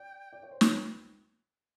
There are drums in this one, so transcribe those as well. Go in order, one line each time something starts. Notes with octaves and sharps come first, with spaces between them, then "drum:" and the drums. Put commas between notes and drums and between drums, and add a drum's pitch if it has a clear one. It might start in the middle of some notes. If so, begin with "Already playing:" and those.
Already playing: D5 G5
D5
C#5
C5
C#5, drum: snare